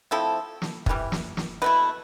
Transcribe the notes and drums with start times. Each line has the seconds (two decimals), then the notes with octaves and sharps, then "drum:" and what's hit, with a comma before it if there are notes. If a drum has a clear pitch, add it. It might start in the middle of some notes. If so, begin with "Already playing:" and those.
0.11 F3 A3 C4 E4 A4
0.62 drum: snare
0.86 C3 E3 G3, drum: kick
1.12 drum: snare
1.37 drum: snare
1.62 B2 A3 E4 B4